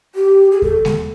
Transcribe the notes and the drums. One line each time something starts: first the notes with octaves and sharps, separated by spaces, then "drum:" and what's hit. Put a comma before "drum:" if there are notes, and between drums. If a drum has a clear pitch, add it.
G4
G#4
A4, drum: kick E2
drum: snare G#3